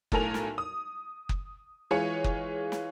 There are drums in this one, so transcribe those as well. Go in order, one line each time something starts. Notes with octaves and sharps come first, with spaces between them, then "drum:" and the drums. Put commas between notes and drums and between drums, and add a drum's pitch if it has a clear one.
B1 A2 A4 A#4 G#5 F7, drum: kick F#1
drum: snare
D#6
drum: kick F#1
E3 G#3 F4 C#5 G#5 C#7
drum: kick F#1
drum: snare